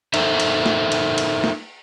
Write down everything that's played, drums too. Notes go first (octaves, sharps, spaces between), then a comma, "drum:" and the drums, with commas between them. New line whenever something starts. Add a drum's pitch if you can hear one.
D#4 A4 A#4 C5 E5, drum: cymbal
drum: cymbal
drum: snare
drum: cymbal
drum: cymbal
drum: snare